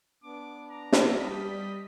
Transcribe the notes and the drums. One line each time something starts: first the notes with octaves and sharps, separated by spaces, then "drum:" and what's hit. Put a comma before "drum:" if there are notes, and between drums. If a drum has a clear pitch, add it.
B3 D4 D6
A#5
drum: snare
G3 D#5 B6